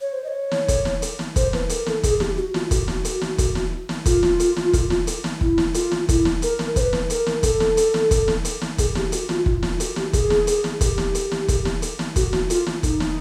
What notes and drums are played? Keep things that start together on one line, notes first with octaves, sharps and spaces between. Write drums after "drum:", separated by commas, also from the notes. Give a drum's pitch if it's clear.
C#5
C5
D#5
C#5
drum: snare
drum: kick, hi-hat
drum: snare
drum: hi-hat
drum: snare
C5, drum: kick, hi-hat
B4, drum: snare
A#4, drum: hi-hat
A4, drum: snare
G#4, drum: kick, hi-hat
G4, drum: snare
F#4
F4, drum: snare
F#4, drum: kick, hi-hat
drum: snare
drum: hi-hat
drum: snare
drum: kick, hi-hat
drum: snare
drum: snare
F4, drum: kick, hi-hat
drum: snare
drum: hi-hat
drum: snare
drum: kick, hi-hat
drum: snare
drum: hi-hat
drum: snare
E4, drum: kick
drum: snare
F4, drum: hi-hat
drum: snare
E4, drum: kick, hi-hat
drum: snare
A#4, drum: hi-hat
drum: snare
C5, drum: kick, hi-hat
B4
drum: snare
A#4, drum: hi-hat
drum: snare
A4, drum: kick, hi-hat
drum: snare
drum: hi-hat
drum: snare
drum: kick, hi-hat
drum: snare
drum: hi-hat
drum: snare
G#4, drum: kick, hi-hat
G4, drum: snare
F#4, drum: hi-hat
F4, drum: snare
F4, drum: kick
F4, drum: snare
F#4, drum: hi-hat
G4, drum: snare
G#4, drum: kick, hi-hat
drum: snare
G#4, drum: hi-hat
drum: snare
G#4, drum: kick, hi-hat
G4
drum: snare
drum: hi-hat
drum: snare
drum: kick, hi-hat
drum: snare
drum: hi-hat
drum: snare
F#4, drum: kick, hi-hat
drum: snare
F4, drum: hi-hat
drum: snare
D#4, drum: kick, hi-hat
drum: snare